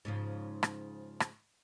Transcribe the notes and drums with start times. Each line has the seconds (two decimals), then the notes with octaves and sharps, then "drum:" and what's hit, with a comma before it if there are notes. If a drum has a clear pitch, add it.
0.05 G#2 C#3 F3
0.63 drum: rim click
1.20 drum: rim click